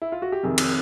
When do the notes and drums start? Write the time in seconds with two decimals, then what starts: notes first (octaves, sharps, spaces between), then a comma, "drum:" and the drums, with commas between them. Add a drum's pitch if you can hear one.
0.02 E4
0.12 F4
0.22 F#4
0.32 G4
0.43 F2 C3 D#3 G#4
0.58 drum: cymbal